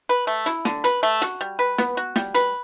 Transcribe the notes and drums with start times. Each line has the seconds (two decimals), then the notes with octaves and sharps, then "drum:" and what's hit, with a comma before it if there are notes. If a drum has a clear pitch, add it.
0.09 B4
0.27 A3
0.46 E4, drum: hi-hat
0.65 D3, drum: snare
0.84 B4, drum: hi-hat
1.03 A3
1.22 F#4, drum: hi-hat
1.41 G3
1.59 B4
1.78 B3, drum: snare
1.97 F#4
2.16 G3, drum: snare
2.34 B4, drum: hi-hat